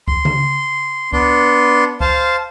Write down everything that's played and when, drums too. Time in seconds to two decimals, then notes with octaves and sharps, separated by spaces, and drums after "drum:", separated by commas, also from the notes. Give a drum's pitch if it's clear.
0.08 C6, drum: kick C#2
0.25 drum: tom C#3
1.13 B3 D4 C6, drum: kick C#2
2.00 C5 F5 A5, drum: kick C#2